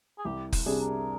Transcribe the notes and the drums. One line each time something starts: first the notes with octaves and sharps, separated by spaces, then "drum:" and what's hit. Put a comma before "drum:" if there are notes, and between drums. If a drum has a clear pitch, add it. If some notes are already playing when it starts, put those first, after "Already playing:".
G#4
C2 G4
drum: kick, open hi-hat
C3 G3 D4 G#4
A#4